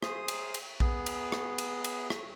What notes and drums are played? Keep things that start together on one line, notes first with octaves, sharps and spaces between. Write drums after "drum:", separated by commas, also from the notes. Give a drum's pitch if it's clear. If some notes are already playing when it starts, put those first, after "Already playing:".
G#4 C5 D#6, drum: rim click
drum: cymbal
drum: cymbal
B3 G#4, drum: kick A#1
drum: cymbal
drum: rim click
drum: cymbal
drum: cymbal
drum: rim click